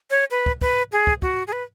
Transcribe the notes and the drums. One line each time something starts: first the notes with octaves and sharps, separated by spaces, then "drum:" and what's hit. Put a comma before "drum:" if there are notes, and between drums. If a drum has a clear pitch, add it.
C#5
B4
drum: kick
B4, drum: kick
G#4
drum: kick
F#4, drum: kick
G#4
B4